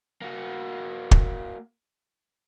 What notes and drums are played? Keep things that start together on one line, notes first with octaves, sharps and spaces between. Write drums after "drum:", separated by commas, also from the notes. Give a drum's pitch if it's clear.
A#3 F#4
drum: kick